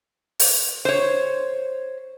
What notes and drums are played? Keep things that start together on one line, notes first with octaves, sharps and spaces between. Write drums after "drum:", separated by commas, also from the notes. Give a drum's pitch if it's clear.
drum: open hi-hat
C5 C#5